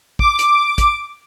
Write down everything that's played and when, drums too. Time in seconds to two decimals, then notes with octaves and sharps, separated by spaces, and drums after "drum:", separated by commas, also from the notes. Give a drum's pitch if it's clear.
0.19 D6, drum: kick
0.39 drum: hi-hat
0.78 drum: kick, hi-hat